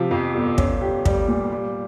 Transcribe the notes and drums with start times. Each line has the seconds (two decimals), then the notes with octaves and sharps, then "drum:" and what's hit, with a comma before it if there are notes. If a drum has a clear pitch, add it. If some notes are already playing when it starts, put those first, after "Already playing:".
Already playing: C3 F3
0.11 F2
0.35 G1
0.58 C#4, drum: kick
0.81 G4
1.05 G3, drum: kick
1.28 A#2
1.52 G3